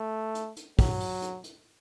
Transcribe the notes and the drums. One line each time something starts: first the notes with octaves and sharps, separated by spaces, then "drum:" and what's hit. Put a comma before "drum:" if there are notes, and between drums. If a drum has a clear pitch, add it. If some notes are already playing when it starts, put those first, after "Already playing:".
Already playing: A3
drum: hi-hat
drum: hi-hat
F#3, drum: kick, open hi-hat
drum: open hi-hat
drum: hi-hat
drum: hi-hat